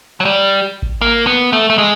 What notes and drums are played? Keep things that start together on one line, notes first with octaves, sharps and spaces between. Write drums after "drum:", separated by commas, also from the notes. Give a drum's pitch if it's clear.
F#3
G3
drum: kick A1
A#3
B3
A3
A3
G#3